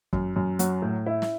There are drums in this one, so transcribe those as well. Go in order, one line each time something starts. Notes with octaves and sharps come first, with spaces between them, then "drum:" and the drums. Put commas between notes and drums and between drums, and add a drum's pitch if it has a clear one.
F#2, drum: kick
F#2
F#3, drum: hi-hat
A2
E4
drum: snare